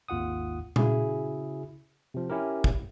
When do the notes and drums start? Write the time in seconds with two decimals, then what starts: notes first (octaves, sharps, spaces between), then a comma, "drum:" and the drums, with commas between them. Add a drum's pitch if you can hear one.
0.08 G#1 D#2 F4 F#5 D#6
0.76 C#3 E4 F#4 G#4, drum: tom A#2
2.14 C3 F3
2.30 C#4 E4 G4 A#4
2.64 drum: kick